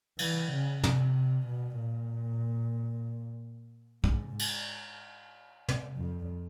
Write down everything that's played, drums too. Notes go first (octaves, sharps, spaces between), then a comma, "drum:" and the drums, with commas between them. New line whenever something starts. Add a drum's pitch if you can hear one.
E3, drum: cymbal
C#3
C3, drum: tom
B2
A#2
G#2, drum: kick
drum: cymbal
drum: tom
F2